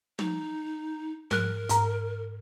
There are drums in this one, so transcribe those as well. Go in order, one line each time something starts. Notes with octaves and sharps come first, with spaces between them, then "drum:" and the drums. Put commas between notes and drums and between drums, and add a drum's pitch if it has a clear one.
D#4, drum: tom
G#2 A#4 F#6, drum: tom
G#2 A#5, drum: hi-hat